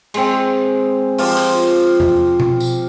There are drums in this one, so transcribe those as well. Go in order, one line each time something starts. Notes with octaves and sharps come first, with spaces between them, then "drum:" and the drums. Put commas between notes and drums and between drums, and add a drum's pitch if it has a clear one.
G#3 C4, drum: cymbal
F3 F4 G4, drum: open hi-hat
drum: cymbal
drum: tom E2
drum: tom B2
drum: tambourine